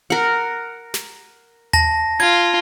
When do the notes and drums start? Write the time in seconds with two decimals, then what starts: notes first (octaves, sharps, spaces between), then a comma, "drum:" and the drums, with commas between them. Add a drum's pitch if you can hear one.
0.10 A#4 F#5
0.94 drum: snare
1.73 A5 A#6, drum: tom D#2
2.20 F4 G#6